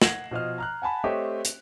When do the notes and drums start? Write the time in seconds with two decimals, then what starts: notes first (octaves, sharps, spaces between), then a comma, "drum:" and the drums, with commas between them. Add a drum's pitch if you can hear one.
0.02 F#5 G#6 A#6 C7 E7 F#7, drum: snare
0.31 B2 F3 D#5 F6
0.58 A#5 F6 F#6
0.82 F#5 G#5 A5 B5
1.04 A3 C4 G4 C#5 D#5 E5
1.45 drum: hi-hat